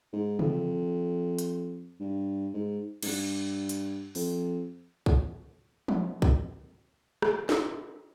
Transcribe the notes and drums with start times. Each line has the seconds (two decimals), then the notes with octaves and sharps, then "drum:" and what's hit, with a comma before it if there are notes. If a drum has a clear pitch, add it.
0.13 G#2
0.39 F2, drum: tom C3
1.39 drum: hi-hat
2.00 G2
2.54 G#2
3.03 G#2, drum: cymbal
3.08 G2
3.69 drum: hi-hat
4.15 F2, drum: open hi-hat
5.06 drum: kick
5.88 drum: tom F3
6.22 drum: kick
7.22 drum: rim click
7.49 drum: snare